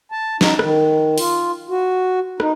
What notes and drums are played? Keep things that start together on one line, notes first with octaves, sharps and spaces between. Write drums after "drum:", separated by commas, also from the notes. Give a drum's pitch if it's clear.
A5
D#4, drum: snare
D#3, drum: rim click
F4, drum: open hi-hat
F#4
D#4, drum: rim click